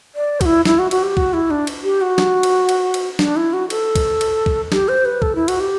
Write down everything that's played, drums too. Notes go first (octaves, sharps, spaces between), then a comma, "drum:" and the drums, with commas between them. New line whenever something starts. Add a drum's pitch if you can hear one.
D5
F#4, drum: kick B1, cymbal
E4
E4, drum: snare
F#4
F#4, drum: cymbal
G4
F#4, drum: kick B1
E4
D4
drum: cymbal
G4
F#4
drum: snare
drum: cymbal
drum: cymbal
drum: cymbal
D4, drum: snare
E4
F#4
A4, drum: cymbal
drum: kick B1, cymbal
drum: cymbal
drum: kick B1
G4, drum: snare
C5
B4
A4, drum: kick B1
E4
F#4, drum: cymbal
G4